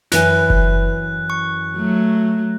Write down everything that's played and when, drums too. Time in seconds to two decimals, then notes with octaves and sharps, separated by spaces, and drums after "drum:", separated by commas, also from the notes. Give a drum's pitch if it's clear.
0.12 F#2 E3 E4 B4 G#5 F#6, drum: snare
0.50 drum: kick F#1
1.30 C#6
1.77 F#3 A3